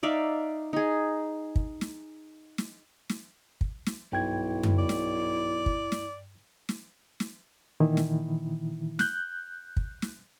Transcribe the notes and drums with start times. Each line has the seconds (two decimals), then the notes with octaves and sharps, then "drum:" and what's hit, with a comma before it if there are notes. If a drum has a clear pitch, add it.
0.03 D#4 D5 E5 F5
0.73 D#4 G#4
1.56 drum: kick
1.81 drum: snare
2.58 drum: snare
3.09 drum: snare
3.61 drum: kick
3.86 drum: snare
4.12 B1 G2 E4 G5 G#6
4.63 drum: tom F#2
4.78 D5
4.89 drum: snare
5.66 drum: kick
5.92 drum: snare
6.69 drum: snare
7.20 drum: snare
7.80 A#2 D#3 E3 E4
7.97 drum: snare
8.99 F#6 G6, drum: snare
9.77 drum: kick
10.02 drum: snare